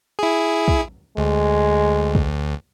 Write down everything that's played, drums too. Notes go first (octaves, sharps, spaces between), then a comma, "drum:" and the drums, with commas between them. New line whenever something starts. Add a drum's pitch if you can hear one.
E4 G#4
drum: kick
D2 G#3
drum: kick